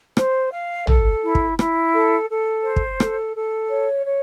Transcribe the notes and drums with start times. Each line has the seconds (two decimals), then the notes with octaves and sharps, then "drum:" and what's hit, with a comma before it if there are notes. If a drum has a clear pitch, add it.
0.17 C5, drum: rim click
0.52 F5
0.87 A4, drum: tom
1.23 E4
1.35 drum: kick
1.59 E4, drum: rim click
1.93 A4
2.30 A4
2.64 C5
2.76 drum: kick
3.00 A4, drum: rim click
3.35 A4
3.71 C#5
4.06 C#5